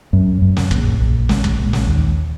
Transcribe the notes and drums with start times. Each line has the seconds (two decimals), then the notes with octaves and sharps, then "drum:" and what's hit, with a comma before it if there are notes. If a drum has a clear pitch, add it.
0.13 F#2
0.42 F#2
0.57 drum: snare
0.71 A#1, drum: kick
1.00 A#1
1.29 G#3, drum: snare
1.44 drum: kick
1.59 A#1
1.73 drum: snare
1.87 D#2